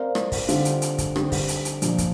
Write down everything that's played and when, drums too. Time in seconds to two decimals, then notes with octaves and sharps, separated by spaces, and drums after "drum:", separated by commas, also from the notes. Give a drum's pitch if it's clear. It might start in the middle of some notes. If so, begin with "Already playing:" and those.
Already playing: C4 A#4 D5 F5
0.15 drum: rim click
0.32 drum: kick, open hi-hat
0.49 D3 G3 C4 F4, drum: hi-hat
0.65 drum: hi-hat
0.82 drum: hi-hat
0.98 drum: kick, hi-hat
1.16 D3 G3 C4, drum: rim click
1.32 drum: kick, open hi-hat
1.48 drum: hi-hat
1.65 drum: hi-hat
1.82 A#2 F3 D4, drum: hi-hat
1.98 drum: kick, hi-hat